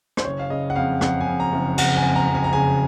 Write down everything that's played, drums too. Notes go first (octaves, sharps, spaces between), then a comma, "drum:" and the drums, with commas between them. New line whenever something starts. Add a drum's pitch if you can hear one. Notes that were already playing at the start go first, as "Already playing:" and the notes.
C5, drum: rim click
F#1 C#5
F5
C#3 D#5
F#5
F2 F5
F2 F#5, drum: rim click
G#5
F2
A#5
F#1
F#1 F#5, drum: cymbal
G#5
F2
A#5
F2
G#5
A#5
C#3 G#5